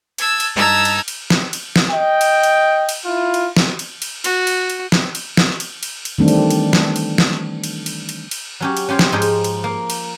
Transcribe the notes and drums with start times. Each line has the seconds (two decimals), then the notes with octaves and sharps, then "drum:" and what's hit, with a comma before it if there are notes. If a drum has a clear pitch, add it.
0.18 A5 E6 G#6, drum: cymbal
0.40 drum: cymbal
0.55 G2 D#4 A5 A#5 E6 G#6
0.85 drum: cymbal
1.08 drum: cymbal
1.30 drum: snare
1.53 drum: cymbal
1.76 drum: snare
1.90 D#5 G5
2.21 drum: cymbal
2.43 drum: cymbal
2.89 drum: cymbal
3.05 E4 F4
3.34 drum: cymbal
3.57 drum: snare
3.79 drum: cymbal
4.02 drum: cymbal
4.24 F#4, drum: cymbal
4.47 drum: cymbal
4.70 drum: cymbal
4.92 drum: snare
5.15 drum: cymbal
5.37 drum: snare
5.60 drum: cymbal
5.83 drum: cymbal
6.05 drum: cymbal
6.18 D#3 E3 G3 A3 C4 D4
6.28 drum: cymbal
6.50 drum: cymbal
6.73 drum: snare
6.96 drum: cymbal
7.18 drum: snare
7.64 drum: cymbal
7.86 drum: cymbal
8.09 drum: cymbal
8.31 drum: cymbal
8.60 F#3 C#4 G4
8.77 drum: cymbal
8.89 C#4 F4 G4 C5 C#5
8.99 drum: snare
9.12 G#2 F3 D#4 G#4 G5
9.22 drum: cymbal
9.44 drum: cymbal
9.64 A#3
9.90 drum: cymbal